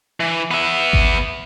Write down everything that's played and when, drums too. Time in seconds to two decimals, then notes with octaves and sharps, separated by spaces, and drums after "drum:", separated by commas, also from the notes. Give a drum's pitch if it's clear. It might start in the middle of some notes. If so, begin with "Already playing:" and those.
0.20 E3
0.51 B3 E5
0.93 drum: kick G#1